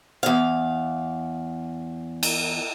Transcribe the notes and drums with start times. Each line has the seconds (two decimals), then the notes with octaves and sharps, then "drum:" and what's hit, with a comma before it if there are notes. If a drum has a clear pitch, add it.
0.23 E2 F5
2.23 drum: cymbal